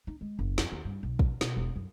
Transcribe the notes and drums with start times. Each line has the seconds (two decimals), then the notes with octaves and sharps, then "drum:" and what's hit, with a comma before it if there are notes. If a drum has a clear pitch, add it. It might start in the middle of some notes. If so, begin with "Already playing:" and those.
0.07 D#4
0.21 G#3
0.39 F#1
0.58 F2, drum: snare
0.72 D#2
0.85 G2
1.03 B1
1.19 drum: kick
1.41 B2, drum: snare
1.56 E1
1.76 F#2